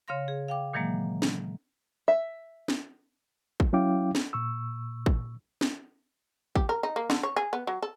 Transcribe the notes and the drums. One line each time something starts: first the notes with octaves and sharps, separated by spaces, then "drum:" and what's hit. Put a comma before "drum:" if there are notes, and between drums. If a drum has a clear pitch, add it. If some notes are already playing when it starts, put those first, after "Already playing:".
C#3 C#5 F5 C6 A#6
G#4
F5 G5 D6
A#2 D#3 E3 F#3 G#3 A#3
drum: snare
E5
drum: snare
drum: kick
F#3 C#4 E4 F5 G5 D6
drum: snare
A#2 C#6 E6
drum: kick
drum: snare
G4, drum: kick
A#4
D#4
A#3
D3, drum: snare
C#5
G#4
B3
F#3
A4